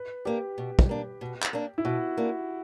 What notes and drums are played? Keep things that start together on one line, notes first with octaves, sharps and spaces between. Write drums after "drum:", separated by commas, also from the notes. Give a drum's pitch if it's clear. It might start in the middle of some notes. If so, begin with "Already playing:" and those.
Already playing: B4
A#3 D4 G4
B2
drum: kick
A#3 D4
B2
drum: clap
A#3 D4
E4
B2 F#4
A#3 D4